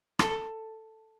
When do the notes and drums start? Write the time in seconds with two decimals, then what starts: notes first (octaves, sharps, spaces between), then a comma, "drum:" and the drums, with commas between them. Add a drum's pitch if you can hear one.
0.19 A4, drum: rim click